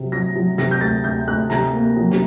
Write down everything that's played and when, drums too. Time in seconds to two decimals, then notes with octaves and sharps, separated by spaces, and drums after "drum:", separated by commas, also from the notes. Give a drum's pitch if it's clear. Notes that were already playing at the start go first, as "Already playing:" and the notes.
Already playing: C3 F#3
0.12 F#3 A#6
0.36 F#3
0.58 C3 A#6, drum: snare
0.71 G6
0.81 D2 A6
1.04 D2 G6
1.27 D2 F#6
1.50 C3 A#5, drum: snare
1.73 A#3
1.96 F#3
2.12 drum: snare